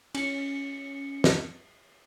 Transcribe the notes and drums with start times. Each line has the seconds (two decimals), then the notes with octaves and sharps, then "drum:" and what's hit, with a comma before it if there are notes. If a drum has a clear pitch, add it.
0.15 C#4 C#7, drum: cymbal
1.24 drum: snare